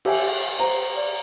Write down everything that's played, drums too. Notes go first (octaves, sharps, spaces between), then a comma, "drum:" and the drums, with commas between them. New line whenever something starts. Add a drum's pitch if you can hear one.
G4 E5 G#5, drum: cymbal
C5 A#5
D5